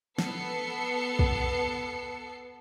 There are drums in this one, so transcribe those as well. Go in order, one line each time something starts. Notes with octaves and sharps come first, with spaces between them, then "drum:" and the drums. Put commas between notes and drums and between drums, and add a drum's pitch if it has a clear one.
B3 A4 C7 C#7, drum: snare
drum: kick